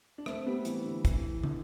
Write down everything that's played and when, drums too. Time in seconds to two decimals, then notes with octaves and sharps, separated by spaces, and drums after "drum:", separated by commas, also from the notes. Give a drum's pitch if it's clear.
0.18 D4
0.26 A3 C4, drum: rim click
0.46 G3 B3
0.65 E3, drum: hi-hat
0.86 D3
1.05 E3, drum: kick, hi-hat
1.44 D3, drum: tom